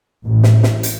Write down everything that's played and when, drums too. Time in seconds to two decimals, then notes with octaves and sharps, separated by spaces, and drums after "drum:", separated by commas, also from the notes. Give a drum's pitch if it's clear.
0.23 A1
0.43 drum: snare
0.63 drum: snare
0.83 drum: hi-hat